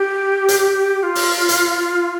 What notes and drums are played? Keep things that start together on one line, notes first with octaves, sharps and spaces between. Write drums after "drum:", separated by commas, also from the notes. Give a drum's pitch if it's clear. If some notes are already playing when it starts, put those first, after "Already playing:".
Already playing: G4
drum: hi-hat
G4
F4
drum: open hi-hat
drum: hi-hat